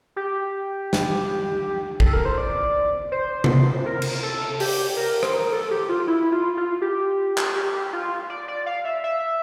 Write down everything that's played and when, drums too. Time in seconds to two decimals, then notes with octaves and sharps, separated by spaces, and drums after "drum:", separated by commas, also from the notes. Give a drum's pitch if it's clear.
0.16 G4
0.93 drum: snare
2.00 A4, drum: kick
2.13 A#4
2.25 C5
2.38 D5
3.12 C5
3.44 drum: tom C3
3.86 A#4
4.02 drum: cymbal
4.23 A4
4.60 G4, drum: open hi-hat
4.97 A#4
5.23 C5, drum: rim click
5.33 A#4
5.52 A4
5.71 G4
5.89 F4
6.07 E4
6.32 F4
6.57 F4
6.82 G4
7.38 drum: clap
7.56 G4
7.93 F4
8.29 D5
8.48 D5
8.66 F5
8.85 E5
9.04 E5